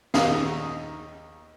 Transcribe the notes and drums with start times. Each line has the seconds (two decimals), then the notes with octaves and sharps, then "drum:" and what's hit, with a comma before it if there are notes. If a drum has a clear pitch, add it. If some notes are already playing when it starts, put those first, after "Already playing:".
0.14 D#2 D#4 G#4 F5, drum: snare